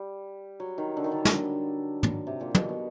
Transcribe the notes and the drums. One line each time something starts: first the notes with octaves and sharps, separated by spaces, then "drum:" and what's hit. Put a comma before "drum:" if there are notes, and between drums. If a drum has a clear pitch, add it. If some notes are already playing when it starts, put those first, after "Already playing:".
Already playing: G3
F#3
D#3
D3
D#3
D3
drum: snare
drum: tom
C3
A#2
B2, drum: tom
B2